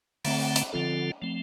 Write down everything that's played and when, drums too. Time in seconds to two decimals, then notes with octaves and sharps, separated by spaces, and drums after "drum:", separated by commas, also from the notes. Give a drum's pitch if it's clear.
0.25 D3 A3 C4, drum: open hi-hat
0.56 drum: hi-hat
0.72 D3 F3 C4 F4 A4
1.22 F3 A3 C4